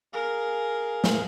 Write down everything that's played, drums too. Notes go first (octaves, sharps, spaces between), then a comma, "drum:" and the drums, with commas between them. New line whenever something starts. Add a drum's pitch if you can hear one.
G#4 A#4 F5
drum: snare